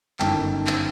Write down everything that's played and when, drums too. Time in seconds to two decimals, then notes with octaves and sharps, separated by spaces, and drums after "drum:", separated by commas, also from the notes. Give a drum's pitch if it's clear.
0.19 G1 F#2 D#3 G5 A5, drum: clap
0.67 drum: clap